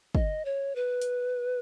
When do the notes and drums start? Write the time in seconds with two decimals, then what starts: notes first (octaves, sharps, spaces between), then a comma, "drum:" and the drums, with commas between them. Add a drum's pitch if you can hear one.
0.15 D#5, drum: kick
0.45 C#5
0.75 B4
1.02 drum: hi-hat